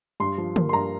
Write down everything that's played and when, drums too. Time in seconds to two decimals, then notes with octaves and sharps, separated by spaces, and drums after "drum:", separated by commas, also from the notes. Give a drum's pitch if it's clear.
0.20 G2 C6
0.38 F3
0.56 A#3, drum: tom
0.69 C6
0.73 G2 A#5